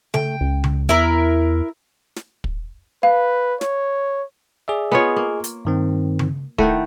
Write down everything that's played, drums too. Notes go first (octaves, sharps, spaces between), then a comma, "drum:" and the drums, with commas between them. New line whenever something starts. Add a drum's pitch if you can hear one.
A3 G5, drum: tom C#3
C#2
drum: tom C#3
E2 E4 A#4
drum: snare
drum: kick
B4 F5
C#5, drum: snare
G#4 D5 E5
B3 F4 G#4 C#5 D#5
A#3
drum: hi-hat
G2 D#3 C4
drum: tom C#3
D#3 A3 E4 F#5 G5, drum: kick